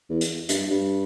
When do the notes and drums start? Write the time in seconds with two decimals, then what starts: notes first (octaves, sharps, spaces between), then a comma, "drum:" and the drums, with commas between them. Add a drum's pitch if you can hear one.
0.09 E2
0.21 drum: hi-hat
0.49 G2, drum: hi-hat
0.70 G2